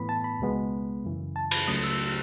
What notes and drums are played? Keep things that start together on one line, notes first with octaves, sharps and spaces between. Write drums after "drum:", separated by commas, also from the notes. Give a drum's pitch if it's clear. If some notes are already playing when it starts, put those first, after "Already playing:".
Already playing: A2 E3 B3 B5
A5
B5
C#2 B2 G#3 B3
F#2 C#3 E3
A5
B5, drum: cymbal
C#2 C#3 F#3 A3 D#6
E6